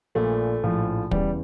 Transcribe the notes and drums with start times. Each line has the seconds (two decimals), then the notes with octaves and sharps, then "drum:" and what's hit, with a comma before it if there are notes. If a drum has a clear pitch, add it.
0.15 A#1 A#2 F3 A3
0.63 A#1 A2 F3
1.11 E2 C#3 E3 G3, drum: kick